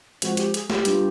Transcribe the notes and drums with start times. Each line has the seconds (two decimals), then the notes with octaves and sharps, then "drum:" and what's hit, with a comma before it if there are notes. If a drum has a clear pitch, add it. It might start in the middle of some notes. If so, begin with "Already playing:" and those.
0.22 F3 G#3 C4 F#4, drum: hi-hat
0.37 G4, drum: hi-hat
0.54 G#4, drum: hi-hat
0.70 G4, drum: snare
0.85 G3 B3 D4 F4, drum: hi-hat